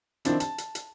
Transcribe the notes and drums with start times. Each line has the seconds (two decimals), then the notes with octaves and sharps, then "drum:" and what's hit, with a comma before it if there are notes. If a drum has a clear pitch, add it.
0.25 D#3 F3 C4 D4 E4, drum: hi-hat
0.40 A5, drum: hi-hat
0.58 drum: hi-hat
0.75 drum: hi-hat